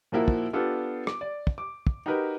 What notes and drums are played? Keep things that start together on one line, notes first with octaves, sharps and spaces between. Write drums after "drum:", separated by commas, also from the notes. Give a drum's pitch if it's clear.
A#2 F3 A#3 E4 F#4
drum: kick
B3 D4 F4 G4 A4
D6, drum: rim click
D5
drum: kick
D6
drum: kick
D#4 F#4 G4 A#4 B4